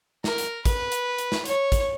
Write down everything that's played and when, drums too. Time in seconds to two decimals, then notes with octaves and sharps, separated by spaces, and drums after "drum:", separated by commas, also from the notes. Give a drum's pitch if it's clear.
0.24 A#4, drum: snare
0.38 drum: hi-hat
0.66 B4, drum: kick, hi-hat
0.92 drum: hi-hat
1.18 drum: hi-hat
1.32 drum: snare
1.45 C#5, drum: hi-hat
1.72 drum: kick, hi-hat